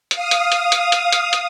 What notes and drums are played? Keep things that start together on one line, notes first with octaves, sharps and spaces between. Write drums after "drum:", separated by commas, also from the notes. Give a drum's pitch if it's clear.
F5 D#6, drum: hi-hat
drum: hi-hat
drum: hi-hat
drum: hi-hat
drum: hi-hat
drum: hi-hat
drum: hi-hat